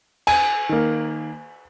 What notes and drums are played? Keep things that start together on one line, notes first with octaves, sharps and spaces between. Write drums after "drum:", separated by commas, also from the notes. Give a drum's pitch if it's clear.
G#5, drum: cymbal
D#3 A#3